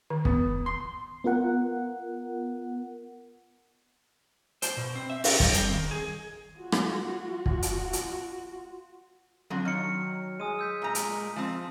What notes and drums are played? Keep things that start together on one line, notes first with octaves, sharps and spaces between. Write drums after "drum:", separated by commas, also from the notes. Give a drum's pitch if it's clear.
D#3
B3, drum: kick
C6
B3 F4 A#4 F#5
C5, drum: hi-hat
B2
C4
E5
C#4, drum: open hi-hat
G3, drum: kick
C4, drum: hi-hat
D#3
G#4
F4 F#4
drum: rim click
drum: kick
drum: hi-hat
drum: hi-hat
D3 F3 F#3 C4
D#3 F6 C#7
G#3 G#5 D#6 D#7
E6 G6 B6
A#2 A#5
drum: hi-hat
F3 C4